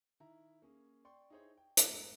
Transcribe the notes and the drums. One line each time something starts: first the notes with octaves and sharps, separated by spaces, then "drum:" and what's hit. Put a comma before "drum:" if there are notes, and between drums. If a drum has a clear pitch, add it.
D#3 E4 A#5
A#3 C#4 G#4
D5 G5 C6 C#6
D#4 E4 G#4 C5 C#5
G5
drum: hi-hat
F1 A#1 G#2 A4 A#5 E6